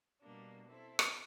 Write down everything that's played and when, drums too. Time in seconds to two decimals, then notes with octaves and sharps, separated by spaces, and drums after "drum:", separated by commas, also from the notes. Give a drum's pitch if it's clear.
0.22 B2 G3 A#3 D4
0.68 C4 E4 A4
0.99 drum: rim click